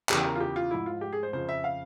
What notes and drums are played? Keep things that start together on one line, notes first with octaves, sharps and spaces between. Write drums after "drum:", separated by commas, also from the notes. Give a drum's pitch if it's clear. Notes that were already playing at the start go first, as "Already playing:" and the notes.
E2 C#3 E3 G4, drum: clap
A#4
F4
G4
F4
G#2 F3 E4
F4
G4
G#4
C5
F2 C#3 F3 C5
E5
F5